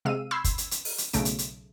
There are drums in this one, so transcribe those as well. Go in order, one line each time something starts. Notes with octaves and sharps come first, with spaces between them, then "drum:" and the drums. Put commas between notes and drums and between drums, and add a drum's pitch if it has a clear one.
C3 G#3 F5 E6 D#7
B5 C6 E6 G6 G#6 C7
drum: kick, hi-hat
drum: hi-hat
drum: hi-hat
drum: open hi-hat
drum: hi-hat
B1 C#3 A3 D7, drum: hi-hat
drum: hi-hat
drum: hi-hat